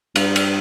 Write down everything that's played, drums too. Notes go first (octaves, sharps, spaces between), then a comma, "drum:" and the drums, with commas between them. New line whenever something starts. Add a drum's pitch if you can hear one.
G2, drum: cymbal
drum: cymbal